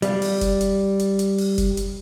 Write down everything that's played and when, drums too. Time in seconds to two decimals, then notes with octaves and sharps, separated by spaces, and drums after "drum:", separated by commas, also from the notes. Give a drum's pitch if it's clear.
0.02 G3 F5, drum: hi-hat
0.22 drum: open hi-hat
0.41 drum: kick F1, hi-hat
0.61 drum: hi-hat
0.99 drum: hi-hat
1.19 drum: hi-hat
1.38 drum: open hi-hat
1.58 drum: kick F1, hi-hat
1.77 drum: hi-hat